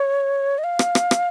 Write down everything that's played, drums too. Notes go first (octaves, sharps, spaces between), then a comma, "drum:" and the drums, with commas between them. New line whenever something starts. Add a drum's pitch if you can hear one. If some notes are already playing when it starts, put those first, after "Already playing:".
Already playing: C#5
D#5
F5
drum: rim click
drum: rim click
drum: rim click